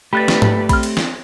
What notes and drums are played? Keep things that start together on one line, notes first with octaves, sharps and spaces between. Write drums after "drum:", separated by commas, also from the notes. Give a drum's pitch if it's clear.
A3 G4 B4 D5 B5 F#6 A6
drum: snare
drum: tom G#2
C4 B5 F6, drum: kick A#1, cymbal
drum: cymbal
drum: snare